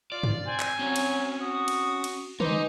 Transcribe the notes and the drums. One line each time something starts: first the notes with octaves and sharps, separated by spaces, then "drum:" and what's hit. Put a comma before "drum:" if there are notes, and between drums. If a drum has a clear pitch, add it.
F4 D5
drum: tom G2
C4 G#5
drum: clap
F#3 C4 C#4
drum: cymbal
F#4 D#6
drum: cymbal
drum: cymbal
G#3 D#4 B4 C5 D6, drum: tom D3